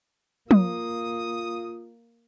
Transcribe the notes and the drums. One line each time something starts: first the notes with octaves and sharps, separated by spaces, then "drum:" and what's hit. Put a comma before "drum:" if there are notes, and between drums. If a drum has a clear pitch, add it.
A#3 F4 D#6, drum: tom